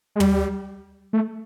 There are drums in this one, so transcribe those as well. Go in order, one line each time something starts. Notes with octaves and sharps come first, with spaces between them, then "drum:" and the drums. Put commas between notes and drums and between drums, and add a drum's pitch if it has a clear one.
G#3
G3, drum: tom
A3